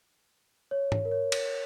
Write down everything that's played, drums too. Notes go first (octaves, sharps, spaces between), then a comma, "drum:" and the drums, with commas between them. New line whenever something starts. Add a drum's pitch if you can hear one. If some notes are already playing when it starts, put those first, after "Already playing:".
C#5
drum: tom G#2
A#4
C#5
drum: cymbal